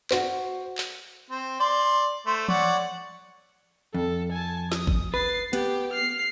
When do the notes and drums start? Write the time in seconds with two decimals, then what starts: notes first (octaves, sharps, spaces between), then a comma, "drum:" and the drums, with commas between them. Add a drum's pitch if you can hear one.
0.11 F#4 C5, drum: clap
0.78 drum: clap
1.30 C4
1.60 D5 C6
2.26 A3 C5
2.48 C#5 D5 F#5, drum: tom E3
3.94 F2 A4
4.32 G#5 A5
4.72 D#6, drum: snare
4.87 drum: kick G#1
5.14 B4 A6 C7
5.53 B3 G4, drum: hi-hat
5.93 F6 C7